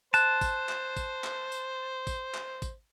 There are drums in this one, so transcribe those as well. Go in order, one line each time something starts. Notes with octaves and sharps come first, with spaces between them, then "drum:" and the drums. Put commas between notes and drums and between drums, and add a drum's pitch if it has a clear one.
C5 A5 F#6, drum: tambourine
drum: kick, tambourine
drum: clap
drum: kick, tambourine
drum: clap
drum: tambourine
drum: kick, tambourine
drum: clap
drum: kick, tambourine